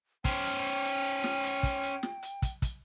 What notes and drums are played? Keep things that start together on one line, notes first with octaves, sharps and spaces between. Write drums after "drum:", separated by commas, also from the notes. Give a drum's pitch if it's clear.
C#4 C5 G5, drum: kick, hi-hat
drum: hi-hat
drum: hi-hat
drum: hi-hat
drum: hi-hat
drum: snare
drum: hi-hat
drum: kick, hi-hat
drum: hi-hat
drum: snare
drum: hi-hat
drum: kick, hi-hat
drum: kick, hi-hat